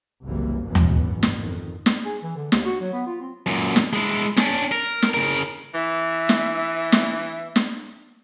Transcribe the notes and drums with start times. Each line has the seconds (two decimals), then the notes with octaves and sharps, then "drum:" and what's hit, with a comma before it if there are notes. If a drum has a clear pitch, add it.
0.24 F#1 C2 E3 G3 A#3
0.63 G#1 F#2 B2 E3 B3
0.75 drum: tom D#2
1.23 drum: snare
1.38 F2 D#3
1.86 drum: snare
2.05 G#4
2.23 E3
2.36 D3
2.52 D#2, drum: snare
2.65 F#4
2.80 F#3
2.93 B3
3.06 F4
3.21 C4
3.46 F#2 A#2
3.76 drum: snare
3.93 G#3 E4
4.37 C#4 D4, drum: snare
4.72 A#4
5.02 drum: snare
5.14 C#3 A#4
5.74 E3 E5
6.29 drum: snare
6.92 drum: snare
7.56 drum: snare